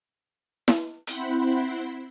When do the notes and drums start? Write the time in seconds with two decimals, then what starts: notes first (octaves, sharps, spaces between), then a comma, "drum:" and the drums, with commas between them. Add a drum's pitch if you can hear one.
0.68 drum: snare E4
1.07 C4 E4 C5 F#5 B5, drum: hi-hat